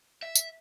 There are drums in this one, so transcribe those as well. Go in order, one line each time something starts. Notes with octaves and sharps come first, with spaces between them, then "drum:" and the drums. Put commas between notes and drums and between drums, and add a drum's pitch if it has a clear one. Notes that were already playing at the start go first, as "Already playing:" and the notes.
E5
drum: tambourine